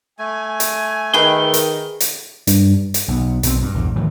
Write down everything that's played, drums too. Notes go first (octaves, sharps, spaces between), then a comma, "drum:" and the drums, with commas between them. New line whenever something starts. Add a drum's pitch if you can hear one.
A3 G#5
drum: hi-hat
D#3 G#4 B4 G5 G7
drum: hi-hat
drum: hi-hat
G2, drum: hi-hat
drum: hi-hat
B1 B3
B1 B2 D#3 C4, drum: hi-hat
G2
A#1 E2 G2
A2 D#3 E3 F#3